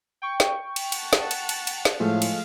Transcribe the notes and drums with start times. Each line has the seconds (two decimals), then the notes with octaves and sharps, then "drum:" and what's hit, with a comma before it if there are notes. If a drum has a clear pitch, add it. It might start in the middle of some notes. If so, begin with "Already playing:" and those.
0.22 G5 C#6
0.40 drum: snare
0.76 drum: cymbal
0.92 F#5 A5, drum: cymbal
1.13 drum: snare
1.31 drum: cymbal
1.49 drum: cymbal
1.67 drum: cymbal
1.85 drum: snare
2.00 A2 F3 G#3 A3 F5
2.22 drum: cymbal